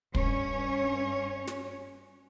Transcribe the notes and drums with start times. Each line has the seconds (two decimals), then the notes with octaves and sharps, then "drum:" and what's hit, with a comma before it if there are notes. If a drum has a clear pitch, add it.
0.15 G2 C#4 C#5, drum: kick
1.47 drum: snare